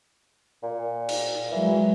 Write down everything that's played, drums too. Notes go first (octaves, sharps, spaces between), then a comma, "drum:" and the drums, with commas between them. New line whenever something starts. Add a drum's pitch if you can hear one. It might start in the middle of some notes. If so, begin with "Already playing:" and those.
A#2
drum: cymbal
E3 F#3 G#3